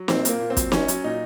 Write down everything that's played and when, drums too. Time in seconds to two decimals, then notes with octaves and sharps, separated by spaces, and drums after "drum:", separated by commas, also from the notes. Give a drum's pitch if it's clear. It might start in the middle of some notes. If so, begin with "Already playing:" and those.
Already playing: F#3
0.08 A#2 C4, drum: snare
0.25 A#2 A#3, drum: hi-hat
0.40 A#2
0.50 C4
0.57 F#3, drum: kick, hi-hat
0.72 F#3 C#4, drum: snare
0.88 F#3, drum: hi-hat
1.04 A#2 D#4